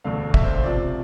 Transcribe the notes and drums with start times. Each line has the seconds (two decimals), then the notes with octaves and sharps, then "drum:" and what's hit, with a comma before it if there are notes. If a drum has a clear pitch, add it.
0.04 E1 D2 D3 A3 F5
0.34 E5, drum: kick
0.44 C5
0.54 C5
0.64 F2 C3 F3 D5